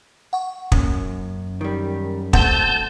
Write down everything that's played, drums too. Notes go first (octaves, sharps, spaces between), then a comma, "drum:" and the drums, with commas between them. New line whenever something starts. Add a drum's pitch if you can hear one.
F#5 C#6
F#2 A#3, drum: kick
D#3 G3
D2 A3 C4 F#5 A5 C6 G6, drum: kick